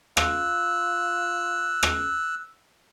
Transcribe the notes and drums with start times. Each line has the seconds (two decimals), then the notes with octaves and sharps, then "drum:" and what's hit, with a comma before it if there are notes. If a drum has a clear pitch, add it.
0.17 F4 E6 F#6, drum: rim click
1.83 drum: rim click